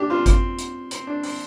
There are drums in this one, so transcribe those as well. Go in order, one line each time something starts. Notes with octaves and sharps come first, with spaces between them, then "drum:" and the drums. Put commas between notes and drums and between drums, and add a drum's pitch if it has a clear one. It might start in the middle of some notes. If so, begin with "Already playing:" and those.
Already playing: D4 G4
C4 F4
C4, drum: kick G1, hi-hat
drum: hi-hat
C4, drum: hi-hat
D4
C4, drum: open hi-hat